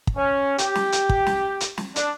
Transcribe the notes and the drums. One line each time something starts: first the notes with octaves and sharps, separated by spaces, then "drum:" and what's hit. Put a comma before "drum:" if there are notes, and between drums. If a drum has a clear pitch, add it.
drum: kick
C#4
G4, drum: hi-hat
drum: snare
drum: hi-hat
drum: kick
drum: snare
drum: hi-hat
drum: snare
D4, drum: hi-hat